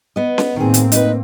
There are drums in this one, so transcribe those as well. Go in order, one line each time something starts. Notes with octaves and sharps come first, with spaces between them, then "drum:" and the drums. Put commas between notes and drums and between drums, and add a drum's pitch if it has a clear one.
B3 D#5
drum: snare C#4
A2 D#3 A#3 C4 G#4
drum: hi-hat
D#4 B4, drum: hi-hat